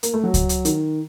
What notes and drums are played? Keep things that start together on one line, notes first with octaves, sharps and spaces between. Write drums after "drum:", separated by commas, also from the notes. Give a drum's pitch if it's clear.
A#3, drum: hi-hat
A3
F#3
drum: kick C#2, hi-hat
drum: hi-hat
D#3, drum: hi-hat